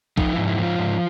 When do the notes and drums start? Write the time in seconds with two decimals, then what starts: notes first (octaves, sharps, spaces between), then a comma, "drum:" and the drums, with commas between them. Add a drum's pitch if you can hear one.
0.18 F3 D#4, drum: kick A#1
0.33 E4
0.38 G#2
0.47 E4
0.59 F3 F4
0.78 G#2